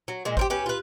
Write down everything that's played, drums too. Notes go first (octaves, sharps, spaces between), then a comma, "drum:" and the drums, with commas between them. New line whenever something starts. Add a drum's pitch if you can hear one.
F#3
A#2 G#3
G4 A#4 C5, drum: kick G#1
C#4 G4 B4
F4 B4